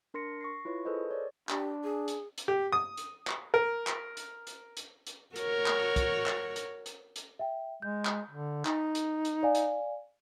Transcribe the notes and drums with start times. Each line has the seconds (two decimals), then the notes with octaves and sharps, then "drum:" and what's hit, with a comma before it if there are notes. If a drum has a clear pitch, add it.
0.14 D4 A#4 C6 A#6 C#7
0.41 C#6 A#6 C7
0.65 E4 F4 B4 C#5 C#6
0.85 G#4 A4 B4 C5 D#5
1.11 C#5 D5
1.49 D4 G4, drum: clap
1.84 G#4
2.08 drum: hi-hat
2.38 drum: hi-hat
2.48 G4
2.72 D#6
2.97 drum: hi-hat
3.27 drum: clap
3.54 A#4
3.87 drum: clap
4.17 drum: hi-hat
4.47 drum: hi-hat
4.77 drum: hi-hat
5.07 drum: hi-hat
5.36 F#4 A#4 C#5, drum: hi-hat
5.66 drum: clap
5.96 drum: kick, hi-hat
6.26 drum: clap
6.56 drum: hi-hat
6.86 drum: hi-hat
7.16 drum: hi-hat
7.39 E5 G5
7.82 G#3 G6
8.05 drum: clap
8.30 D3
8.65 D#4, drum: clap
8.95 drum: hi-hat
9.25 drum: hi-hat
9.43 D5 F5 G#5
9.55 drum: hi-hat